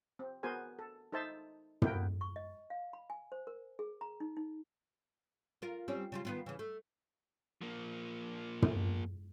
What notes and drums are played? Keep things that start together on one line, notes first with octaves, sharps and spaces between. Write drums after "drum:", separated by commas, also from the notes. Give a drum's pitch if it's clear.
C4
B3 F#4 G#4 A#4 C5 G#5
A4
D#4 A4 C5 E5 A5
A#3 B3 E4 F#4 A#4 G5, drum: tom
C#6
D#5
F5
B5
G#5
C5
A#4
G#4
A#5
D#4
D#4
F4 A#4
G3 C4 C#4
C#3 G3 F4
D#3 B3 F4
C#3 E3
A3
F3 A#3
drum: tom